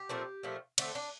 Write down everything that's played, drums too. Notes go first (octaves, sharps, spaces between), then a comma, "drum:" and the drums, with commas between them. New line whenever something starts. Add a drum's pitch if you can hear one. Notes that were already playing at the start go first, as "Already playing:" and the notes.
Already playing: G4
A#2 F3 A3 C4
A#2 F3 A3
D3 A3 C4, drum: cymbal
D4